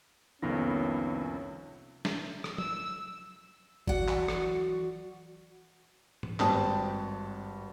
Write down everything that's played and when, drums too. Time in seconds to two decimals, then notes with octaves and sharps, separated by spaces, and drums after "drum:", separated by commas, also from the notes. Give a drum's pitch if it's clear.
0.42 C2 F2 D#3 A#3 B3 C#4 A#6
2.05 drum: snare
2.44 drum: rim click
2.58 E6, drum: tom
3.87 E3 F#3 F#4 D5 F#5, drum: kick G1
4.08 drum: clap
4.28 drum: rim click
6.23 drum: tom G#2
6.40 G#1 G2 C4 G4 A5 D#6, drum: clap